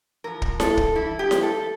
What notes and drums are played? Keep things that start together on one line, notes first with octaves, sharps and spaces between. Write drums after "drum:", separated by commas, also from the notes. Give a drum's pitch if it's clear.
A2 F3 A#4
drum: kick
A4, drum: snare E4
drum: kick
G2 E3 E4
G4
drum: snare E4
A4